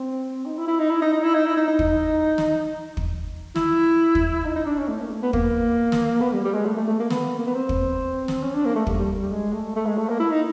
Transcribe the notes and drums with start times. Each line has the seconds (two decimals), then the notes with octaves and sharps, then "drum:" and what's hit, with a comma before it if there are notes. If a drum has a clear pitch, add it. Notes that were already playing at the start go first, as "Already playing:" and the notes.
Already playing: C4
0.46 D#4
0.58 E4
0.68 E4
0.79 D#4
0.90 E4
1.02 D#4
1.13 D#4
1.24 E4
1.35 D#4
1.46 E4
1.57 D#4
1.68 D#4
1.79 drum: kick
2.38 drum: snare
2.97 drum: kick
3.56 E4, drum: snare
4.15 drum: kick
4.45 D#4
4.56 D#4
4.66 D4
4.78 C#4
4.88 A3
5.00 A#3
5.11 A3
5.23 B3
5.33 A#3, drum: kick
5.92 drum: snare
6.21 B3
6.33 G3
6.44 G3
6.54 G#3
6.66 A3
6.77 A3
6.88 A3
7.00 A#3
7.10 B3, drum: snare
7.39 A#3
7.47 B3
7.55 C4
7.69 drum: kick
8.28 drum: snare
8.43 C#4
8.55 D4
8.65 A#3
8.76 A3
8.87 G3, drum: kick
8.99 G3
9.21 G3
9.32 G#3
9.53 A3
9.76 A3
9.86 G#3
9.98 A3
10.10 A#3
10.20 E4
10.31 D#4